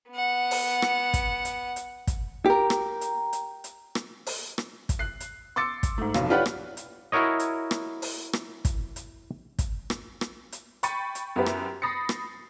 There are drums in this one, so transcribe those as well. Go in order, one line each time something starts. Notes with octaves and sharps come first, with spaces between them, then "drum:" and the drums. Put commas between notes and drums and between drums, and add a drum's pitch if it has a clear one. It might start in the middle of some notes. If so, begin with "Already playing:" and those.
B3 F#5
drum: open hi-hat
drum: rim click
drum: kick, hi-hat
drum: hi-hat
drum: hi-hat
drum: kick, hi-hat
G4 A#4
drum: rim click
drum: hi-hat
drum: hi-hat
drum: hi-hat
drum: rim click
drum: open hi-hat
drum: rim click
drum: kick, hi-hat
F#6 C7
drum: hi-hat
C6 D6 E6 A6 C#7
drum: kick, hi-hat
G#2 A3
F1 B1 F5, drum: rim click
F4 G4 B4 C#5 D5 F#5
drum: rim click
drum: hi-hat
E4 F#4 A#4 C#5 D#5
drum: hi-hat
drum: rim click
drum: open hi-hat
drum: rim click
drum: kick, hi-hat
drum: hi-hat
drum: kick, hi-hat
drum: rim click
drum: rim click
drum: hi-hat
G5 B5 C#6 A6 C#7 D#7, drum: hi-hat
drum: hi-hat
F#2 B3 E4 G4 B4
drum: rim click
B5 D#6 A6 A#6 C7 C#7
drum: rim click